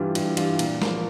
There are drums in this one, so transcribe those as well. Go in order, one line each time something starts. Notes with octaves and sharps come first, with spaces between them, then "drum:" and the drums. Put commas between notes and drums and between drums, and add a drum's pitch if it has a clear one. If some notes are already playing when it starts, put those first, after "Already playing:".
Already playing: G2 E3 G3 D4 F4
G2, drum: cymbal
E3 G3 D4 F4, drum: cymbal
A#2, drum: cymbal
F3 A#3, drum: snare